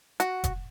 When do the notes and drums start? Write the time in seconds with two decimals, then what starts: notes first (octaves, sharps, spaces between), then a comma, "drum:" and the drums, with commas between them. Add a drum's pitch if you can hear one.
0.20 F#4, drum: hi-hat
0.44 drum: kick F1, hi-hat